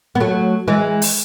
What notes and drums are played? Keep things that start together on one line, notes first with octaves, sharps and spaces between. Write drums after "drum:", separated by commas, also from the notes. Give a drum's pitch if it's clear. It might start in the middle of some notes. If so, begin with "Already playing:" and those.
B3
F#3 A3
E3 G#3
drum: open hi-hat